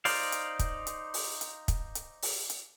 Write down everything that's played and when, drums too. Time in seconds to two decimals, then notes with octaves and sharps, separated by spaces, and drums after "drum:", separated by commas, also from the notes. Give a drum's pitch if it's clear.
0.05 D#4 C5 D5 F5, drum: open hi-hat
0.32 drum: hi-hat
0.59 drum: kick, hi-hat
0.87 drum: hi-hat
1.14 drum: open hi-hat
1.41 drum: hi-hat
1.68 drum: kick, hi-hat
1.95 drum: hi-hat
2.22 drum: open hi-hat
2.50 drum: hi-hat